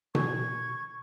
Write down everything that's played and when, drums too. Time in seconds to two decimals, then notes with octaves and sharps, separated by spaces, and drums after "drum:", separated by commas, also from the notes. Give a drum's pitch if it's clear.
0.15 C#6 G#6, drum: tom B2